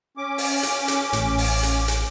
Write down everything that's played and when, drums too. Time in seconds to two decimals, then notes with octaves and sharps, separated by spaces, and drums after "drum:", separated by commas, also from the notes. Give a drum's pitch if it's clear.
0.17 C#4 D6
0.38 drum: open hi-hat
0.63 drum: hi-hat
0.88 drum: hi-hat
1.13 A1, drum: hi-hat
1.38 drum: open hi-hat
1.63 drum: hi-hat
1.88 drum: hi-hat